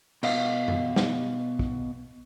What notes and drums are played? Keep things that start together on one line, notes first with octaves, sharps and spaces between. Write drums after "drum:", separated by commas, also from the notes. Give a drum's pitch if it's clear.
B2 D#5 F5, drum: cymbal
drum: tom F#2
drum: snare
drum: kick